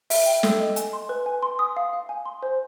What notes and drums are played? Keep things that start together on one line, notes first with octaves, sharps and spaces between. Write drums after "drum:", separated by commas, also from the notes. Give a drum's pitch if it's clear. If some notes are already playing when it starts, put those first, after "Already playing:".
E5, drum: open hi-hat
G5
A4, drum: snare
D#5
G#5, drum: hi-hat
C6
B4
G#5
C6
D#6
F5
F5
G#5
C6
C5